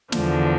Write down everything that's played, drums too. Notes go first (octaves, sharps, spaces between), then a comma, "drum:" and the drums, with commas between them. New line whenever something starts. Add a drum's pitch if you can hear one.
E2 D3 F3, drum: snare